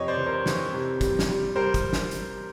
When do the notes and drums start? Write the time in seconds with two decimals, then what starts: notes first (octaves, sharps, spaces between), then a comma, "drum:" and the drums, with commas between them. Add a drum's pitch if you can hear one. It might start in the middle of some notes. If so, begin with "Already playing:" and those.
Already playing: F2 C3 C#5 D#5
0.08 C5 D5
0.17 E3
0.26 A#4 C5
0.46 E3, drum: snare
0.73 C3
1.01 G3, drum: kick, hi-hat
1.19 drum: snare
1.29 G3
1.56 G3 A#4 C5
1.74 drum: kick, hi-hat
1.93 drum: snare
2.11 drum: hi-hat